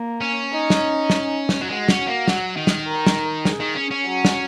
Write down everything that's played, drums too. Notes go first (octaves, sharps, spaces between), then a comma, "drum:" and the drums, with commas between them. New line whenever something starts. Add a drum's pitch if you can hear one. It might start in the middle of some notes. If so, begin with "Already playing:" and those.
Already playing: A#3
C#4
D#4
drum: snare
drum: snare
drum: snare
F#3
G#3 F#4
C#4, drum: snare
A#3
F#3, drum: snare
D#3
drum: snare
A#4
drum: snare
G#4, drum: snare
D#3
C#4
C#4
F#3
drum: snare